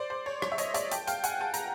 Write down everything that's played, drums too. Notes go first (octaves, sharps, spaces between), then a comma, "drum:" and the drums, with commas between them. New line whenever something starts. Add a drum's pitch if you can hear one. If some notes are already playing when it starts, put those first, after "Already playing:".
Already playing: C5 D5
C5
C#5
C#5, drum: rim click
E5
C#5 D#5, drum: hi-hat
D5 E5, drum: hi-hat
G5 A5, drum: hi-hat
F5 G5, drum: hi-hat
F#5 G#5, drum: hi-hat
G5 A5
A#5, drum: hi-hat